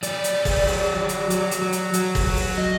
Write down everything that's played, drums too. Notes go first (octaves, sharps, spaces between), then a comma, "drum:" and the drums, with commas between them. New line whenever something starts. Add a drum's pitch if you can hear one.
F#3 D5, drum: hi-hat
drum: hi-hat
F#3
drum: kick, open hi-hat
F#3, drum: open hi-hat
F#3
drum: hi-hat
F#3, drum: hi-hat
drum: hi-hat
F#3
drum: hi-hat
F#3, drum: hi-hat
drum: kick, open hi-hat
F#3
drum: open hi-hat
D#5